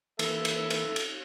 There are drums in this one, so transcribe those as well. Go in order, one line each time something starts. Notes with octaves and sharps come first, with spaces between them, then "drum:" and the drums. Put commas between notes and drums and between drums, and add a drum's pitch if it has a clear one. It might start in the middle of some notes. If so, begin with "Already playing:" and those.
E3 A#3 A4 B4 E5, drum: cymbal
drum: cymbal
drum: cymbal
drum: cymbal